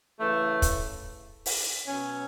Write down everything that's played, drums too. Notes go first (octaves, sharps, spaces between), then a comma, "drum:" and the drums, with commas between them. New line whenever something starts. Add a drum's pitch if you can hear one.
C#3 E3 A3
drum: kick, hi-hat
drum: open hi-hat
B2 F#3 C#4